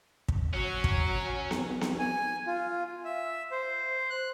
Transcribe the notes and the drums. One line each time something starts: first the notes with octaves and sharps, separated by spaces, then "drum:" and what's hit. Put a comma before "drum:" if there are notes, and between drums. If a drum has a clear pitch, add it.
drum: kick
F#3 C#4
drum: kick
drum: snare B3
drum: snare B3
G#5
F4
E5
C5
F#6